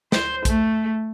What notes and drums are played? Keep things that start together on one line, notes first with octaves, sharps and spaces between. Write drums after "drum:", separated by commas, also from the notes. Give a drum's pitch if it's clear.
C5, drum: snare
A3, drum: kick A#1, hi-hat